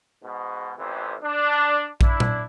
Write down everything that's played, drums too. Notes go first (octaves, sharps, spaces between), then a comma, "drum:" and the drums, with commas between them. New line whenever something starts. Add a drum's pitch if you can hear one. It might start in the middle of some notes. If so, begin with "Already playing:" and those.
G#2 B2
A1 F2 C3 E3
D4
D4 E4, drum: kick A#1
drum: tom A#2